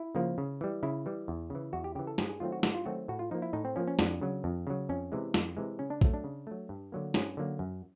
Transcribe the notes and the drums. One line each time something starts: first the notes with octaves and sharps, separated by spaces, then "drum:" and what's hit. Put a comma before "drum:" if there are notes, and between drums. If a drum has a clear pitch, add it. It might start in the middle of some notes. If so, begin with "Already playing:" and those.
Already playing: E4
C#3 F3 A#3
C#3
E3 G3
C#3 E4
E3 G3
E2
C#3 E3
E2 F#4
G4
C#3 E3 G4
A4
G2 G#4, drum: snare
G#4
D#3 F#3 A3 C4 F4
F#4
G2 F#4, drum: snare
F4
D#3 F#3 A3 C4 F#4
A2 F#4
F4
F3 A#3 D#4
E4
A2 D#4
C4
F3 A#3 C#4
C#4
F2 D4, drum: snare
C#3 F#3
F2
C#3 F#3
F2 C#4
C3 E3 G#3
F2, drum: snare
C3 E3 G#3
C#3 C#4
D4
F#3 A3, drum: kick
D4
C#3
F#3 A3
G2
D3 F#3 A#3
G2 C#4, drum: snare
D3 F#3 A#3
F#2